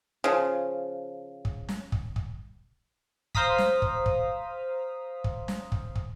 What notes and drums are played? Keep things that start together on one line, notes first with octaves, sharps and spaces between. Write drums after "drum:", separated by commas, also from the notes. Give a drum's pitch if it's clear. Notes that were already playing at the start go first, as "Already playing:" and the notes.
C#3 F3
drum: kick
drum: snare
drum: kick
drum: kick
C5 F5 A#5 D#6 B6, drum: kick
drum: snare
drum: kick
drum: kick
drum: kick
drum: snare
drum: kick
drum: kick